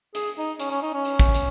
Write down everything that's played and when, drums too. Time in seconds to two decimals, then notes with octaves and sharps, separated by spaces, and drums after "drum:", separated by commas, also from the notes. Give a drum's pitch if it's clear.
0.15 G#4, drum: hi-hat
0.38 D#4
0.60 C#4, drum: hi-hat
0.71 C#4
0.82 D#4
0.94 C#4
1.05 drum: hi-hat
1.19 drum: kick, hi-hat
1.34 drum: hi-hat